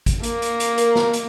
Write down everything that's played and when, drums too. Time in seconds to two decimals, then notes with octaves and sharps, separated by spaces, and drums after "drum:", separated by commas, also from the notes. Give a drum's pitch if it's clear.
0.06 drum: kick, hi-hat
0.23 A#3, drum: hi-hat
0.42 drum: hi-hat
0.60 drum: hi-hat
0.78 A#4, drum: hi-hat
0.96 drum: snare
1.13 drum: hi-hat